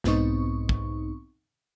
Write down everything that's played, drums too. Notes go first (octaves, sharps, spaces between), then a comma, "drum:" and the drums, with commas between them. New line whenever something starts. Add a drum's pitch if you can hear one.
B1 G#2 B3 C4 D#4 C#6, drum: snare
drum: kick